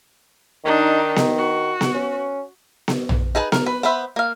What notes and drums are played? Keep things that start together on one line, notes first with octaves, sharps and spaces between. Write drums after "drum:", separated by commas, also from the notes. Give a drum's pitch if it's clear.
D#3 D4 D#4
drum: snare B3
F#4
drum: snare B3
C#4
drum: snare B3
drum: tom A#1
D#4 G#4 B4 A5
A#4, drum: snare B3
B4
B3 B4 C5 E5
A#3 F5